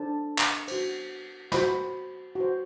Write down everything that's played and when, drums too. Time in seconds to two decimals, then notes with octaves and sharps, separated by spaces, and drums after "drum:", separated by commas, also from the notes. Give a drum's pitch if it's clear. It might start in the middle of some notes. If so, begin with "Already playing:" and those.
Already playing: D4 A4 C5 A5
0.38 drum: clap
0.68 F#4 C5, drum: cymbal
1.52 F#4 C5 B5, drum: snare
2.35 F#4
2.40 C5